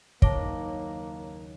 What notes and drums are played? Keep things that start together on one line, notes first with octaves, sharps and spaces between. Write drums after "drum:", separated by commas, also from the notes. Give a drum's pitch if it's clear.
F#1 D#2 A#3 C#5 A5 D6 A#6, drum: kick